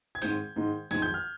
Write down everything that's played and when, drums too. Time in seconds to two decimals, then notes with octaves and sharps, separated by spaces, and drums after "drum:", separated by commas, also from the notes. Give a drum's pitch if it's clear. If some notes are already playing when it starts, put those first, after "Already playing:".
0.15 G#6
0.22 G#2 D#3 G#3 C4 G6, drum: tambourine
0.56 G#2 D#3 G#3
0.91 F2 D#3 G#3 G#6, drum: tambourine
1.02 G6
1.14 F6